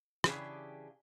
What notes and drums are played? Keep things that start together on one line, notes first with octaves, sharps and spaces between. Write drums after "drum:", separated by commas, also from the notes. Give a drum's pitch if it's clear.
C#3 E3 D4 G4 G#4, drum: rim click